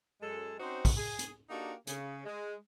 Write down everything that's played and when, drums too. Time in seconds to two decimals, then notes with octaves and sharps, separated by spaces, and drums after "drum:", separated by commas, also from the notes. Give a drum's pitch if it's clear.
0.22 F#2 G#3 A4
0.59 C4 C#4 D#4 F#4 C5
0.85 drum: kick, open hi-hat
0.97 G#4
1.19 drum: hi-hat
1.49 A#3 D4 D#4 F#4 G4 A4
1.87 C#3, drum: hi-hat
2.25 G#3